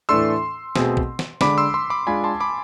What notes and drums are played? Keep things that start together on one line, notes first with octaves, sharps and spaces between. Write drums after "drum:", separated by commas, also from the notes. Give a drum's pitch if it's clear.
A2 E3 A3 D4 A4 C6 E6
B2 A3 C4 G#4, drum: snare
drum: kick
drum: snare
D3 G#3 D4 B5 D6, drum: snare
C6 E6
C6 E6
B5 D6
G#3 D4 F4 G#5 B5
A5 C6
B5 D6